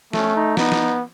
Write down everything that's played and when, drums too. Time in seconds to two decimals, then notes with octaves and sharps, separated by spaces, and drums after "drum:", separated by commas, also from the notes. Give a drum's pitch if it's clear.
0.13 A3 C#4, drum: snare
0.36 D#4
0.57 B3 D#4, drum: snare
0.72 drum: snare